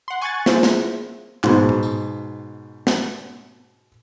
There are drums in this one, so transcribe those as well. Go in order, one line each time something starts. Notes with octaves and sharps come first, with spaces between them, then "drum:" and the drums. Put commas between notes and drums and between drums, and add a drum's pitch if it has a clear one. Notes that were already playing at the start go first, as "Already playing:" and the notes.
F#5 C6
G#5 C#6 F#6 G#6 A6
A#3 E4 F4 G#4 C5 E5, drum: snare
drum: snare
G#2 B2, drum: clap
drum: tom A2
drum: tambourine
drum: snare